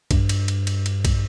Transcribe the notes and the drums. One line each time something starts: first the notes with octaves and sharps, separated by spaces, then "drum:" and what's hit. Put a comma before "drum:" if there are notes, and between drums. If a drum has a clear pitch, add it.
G2, drum: kick, cymbal
drum: cymbal
drum: cymbal
drum: cymbal
drum: cymbal
drum: kick, cymbal